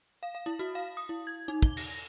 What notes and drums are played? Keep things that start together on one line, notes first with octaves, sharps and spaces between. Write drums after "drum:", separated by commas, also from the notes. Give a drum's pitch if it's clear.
F5
F5
E4
F#4
F5
D#6
E4
G#6
D#4
G7, drum: kick
A#6, drum: cymbal